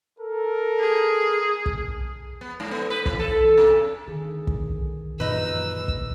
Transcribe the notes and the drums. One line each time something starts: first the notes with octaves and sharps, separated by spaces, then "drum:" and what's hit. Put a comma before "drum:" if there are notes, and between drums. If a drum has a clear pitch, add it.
A4 A#4
G#4
drum: kick
B3
G#2
B3
B4
E3, drum: kick
A4
C3
D3 D#3 G#4
drum: kick
F#2 A#2 E3 D#4 B4 E6
drum: kick